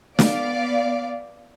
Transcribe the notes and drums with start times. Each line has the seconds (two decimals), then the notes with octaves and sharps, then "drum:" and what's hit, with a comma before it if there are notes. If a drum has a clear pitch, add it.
0.19 B3 D5 F5 D6, drum: snare